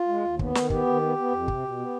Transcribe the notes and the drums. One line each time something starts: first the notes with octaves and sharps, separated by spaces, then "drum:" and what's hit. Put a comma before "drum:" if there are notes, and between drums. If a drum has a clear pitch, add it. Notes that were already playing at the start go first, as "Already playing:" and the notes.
Already playing: F4
G#3
D#2
B3, drum: kick
D#3, drum: snare
B3 G4, drum: kick
D#3
B3
B3
F2
C3, drum: kick
B2
B3